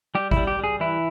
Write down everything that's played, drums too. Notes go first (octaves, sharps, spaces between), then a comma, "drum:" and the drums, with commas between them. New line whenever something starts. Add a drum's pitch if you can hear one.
G3 G4
E4, drum: kick G#1
G3
G4
G3 G#4
E3 E4